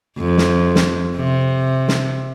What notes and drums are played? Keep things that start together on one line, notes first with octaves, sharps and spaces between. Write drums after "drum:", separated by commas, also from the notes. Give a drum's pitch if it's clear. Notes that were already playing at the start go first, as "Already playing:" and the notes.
F2
drum: snare
drum: snare
C3
drum: snare